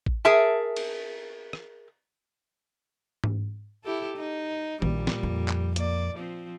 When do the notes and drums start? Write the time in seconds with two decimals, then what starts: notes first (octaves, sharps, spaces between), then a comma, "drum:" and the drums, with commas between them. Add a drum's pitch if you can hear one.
0.06 drum: kick
0.25 G#4 A#4 E5 A5
0.76 drum: cymbal
1.53 drum: rim click
3.24 drum: tom G#2
3.84 E4 G4 A4
4.17 D#4
4.82 A#1 A#2 G3, drum: tom D#3
5.07 drum: snare
5.23 F2
5.48 drum: clap
5.76 A#3 D5, drum: hi-hat
6.15 F3 C4